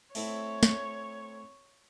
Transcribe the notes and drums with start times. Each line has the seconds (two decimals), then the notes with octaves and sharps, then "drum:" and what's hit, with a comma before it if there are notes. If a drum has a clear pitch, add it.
0.15 A3 C4 E4 C#5, drum: open hi-hat
0.63 drum: snare